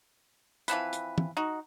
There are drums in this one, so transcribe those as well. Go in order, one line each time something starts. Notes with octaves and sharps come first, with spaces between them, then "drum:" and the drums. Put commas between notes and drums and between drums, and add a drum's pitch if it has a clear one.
E3 F3 C4 B4, drum: hi-hat
drum: hi-hat
drum: tom
D#4 F#4